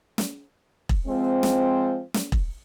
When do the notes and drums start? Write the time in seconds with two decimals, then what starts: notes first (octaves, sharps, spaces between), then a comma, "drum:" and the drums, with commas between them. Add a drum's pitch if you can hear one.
0.18 drum: snare
0.89 drum: kick E1
1.07 F3 G#3 C4
1.43 drum: snare
2.14 drum: snare
2.32 drum: kick E1